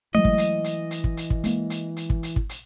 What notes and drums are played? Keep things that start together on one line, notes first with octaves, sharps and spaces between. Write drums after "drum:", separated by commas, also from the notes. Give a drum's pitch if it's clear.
E3 F#3 G#3 A3 D#5
drum: kick
drum: hi-hat
drum: hi-hat
drum: hi-hat
drum: kick
drum: hi-hat
drum: kick
G#3 A#3, drum: hi-hat
drum: hi-hat
drum: hi-hat
drum: kick
drum: hi-hat
drum: kick
drum: hi-hat